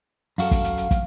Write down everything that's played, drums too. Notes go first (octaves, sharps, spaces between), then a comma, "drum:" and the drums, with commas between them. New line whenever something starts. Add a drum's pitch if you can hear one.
F#2 F#4 A4 F5, drum: open hi-hat
drum: kick, hi-hat
drum: hi-hat
drum: hi-hat
drum: kick, hi-hat